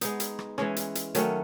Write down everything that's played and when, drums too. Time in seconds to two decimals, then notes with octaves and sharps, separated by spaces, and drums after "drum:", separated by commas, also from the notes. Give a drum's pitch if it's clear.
0.01 G#3 B3 D#4, drum: hi-hat
0.20 drum: hi-hat
0.39 drum: rim click
0.58 E3 G#3 C#4, drum: rim click
0.76 drum: hi-hat
0.95 drum: hi-hat
1.15 D#3 F#3 A3 C#4, drum: hi-hat